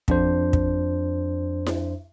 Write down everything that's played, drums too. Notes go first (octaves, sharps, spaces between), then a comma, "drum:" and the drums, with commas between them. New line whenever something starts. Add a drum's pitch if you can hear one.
F2 D4 C5, drum: kick
drum: kick
drum: snare E4